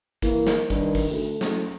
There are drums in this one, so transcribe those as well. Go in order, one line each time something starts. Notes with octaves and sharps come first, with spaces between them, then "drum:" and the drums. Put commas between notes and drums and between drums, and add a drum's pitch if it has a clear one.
E3 A#3, drum: kick, hi-hat
drum: snare
G2 D#3, drum: kick, hi-hat
drum: kick, open hi-hat
D2 A3
F#1, drum: snare